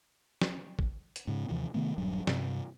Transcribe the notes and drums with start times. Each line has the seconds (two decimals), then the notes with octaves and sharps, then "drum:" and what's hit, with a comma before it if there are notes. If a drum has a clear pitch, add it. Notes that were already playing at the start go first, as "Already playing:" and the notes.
0.41 drum: snare
0.79 drum: kick
1.16 drum: hi-hat
1.27 G#2 C#3
1.49 D#2 C3 E3 F3
1.74 C3 D#3 A3 B3
1.98 D#1 G2 F#3
2.27 G2 C3 C4, drum: snare